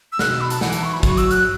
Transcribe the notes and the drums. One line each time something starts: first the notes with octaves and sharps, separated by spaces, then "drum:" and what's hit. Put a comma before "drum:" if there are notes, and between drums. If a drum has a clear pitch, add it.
E6
B2 F#6, drum: snare
E6
B5
A5, drum: hi-hat
E3 F#5, drum: snare
A5, drum: hi-hat
C#6
B5
F#3 C#6, drum: kick, hi-hat
E6, drum: hi-hat
F#6, drum: hi-hat